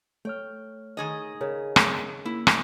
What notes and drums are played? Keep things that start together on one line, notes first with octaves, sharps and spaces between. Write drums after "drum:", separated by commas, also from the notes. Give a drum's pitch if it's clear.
A3 C#5 G5 F6
D#3 G#4 D#5
C#3 A#4
drum: rim click
A#3 E4
drum: rim click